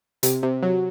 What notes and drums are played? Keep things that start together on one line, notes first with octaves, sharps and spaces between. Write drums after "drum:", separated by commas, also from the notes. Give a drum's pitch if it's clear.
C3, drum: hi-hat
C3
F#3